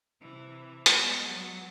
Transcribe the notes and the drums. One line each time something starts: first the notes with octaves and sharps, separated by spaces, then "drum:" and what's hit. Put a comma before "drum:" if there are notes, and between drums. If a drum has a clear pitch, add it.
C3 E3
G#3 B3, drum: hi-hat
F#3